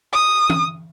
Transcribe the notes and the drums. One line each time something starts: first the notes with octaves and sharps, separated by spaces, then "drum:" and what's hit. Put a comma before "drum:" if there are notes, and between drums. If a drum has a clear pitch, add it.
D#6
drum: tom E3